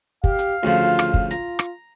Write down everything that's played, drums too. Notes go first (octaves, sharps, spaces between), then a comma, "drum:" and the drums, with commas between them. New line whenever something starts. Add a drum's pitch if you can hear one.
G4 F5, drum: kick
drum: hi-hat
D2 C#3 F3 F4
drum: rim click
drum: kick
F4 A#5, drum: hi-hat
drum: rim click